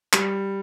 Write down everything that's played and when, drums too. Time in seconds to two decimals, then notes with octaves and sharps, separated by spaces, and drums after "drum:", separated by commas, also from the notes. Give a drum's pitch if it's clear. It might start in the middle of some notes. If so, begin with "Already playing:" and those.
0.13 G3, drum: clap